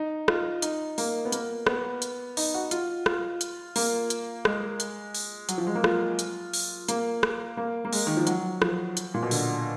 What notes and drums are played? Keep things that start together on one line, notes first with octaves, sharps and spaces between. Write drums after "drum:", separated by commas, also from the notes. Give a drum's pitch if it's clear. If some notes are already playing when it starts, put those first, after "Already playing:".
Already playing: D#4
F4, drum: rim click
D#4, drum: hi-hat
A#3, drum: open hi-hat
B3
A#3, drum: hi-hat
B3, drum: rim click
drum: hi-hat
D#4, drum: open hi-hat
F#4
F4, drum: hi-hat
F4, drum: rim click
drum: hi-hat
A#3, drum: open hi-hat
drum: hi-hat
G#3, drum: rim click
drum: hi-hat
drum: open hi-hat
F#3, drum: hi-hat
F3
G#3
A#3
F4, drum: rim click
drum: hi-hat
drum: open hi-hat
A#3, drum: hi-hat
drum: rim click
A#3
A#3
G#3, drum: open hi-hat
D#3
F3
F#3, drum: hi-hat
F3, drum: rim click
drum: hi-hat
A#2
B2
D3, drum: open hi-hat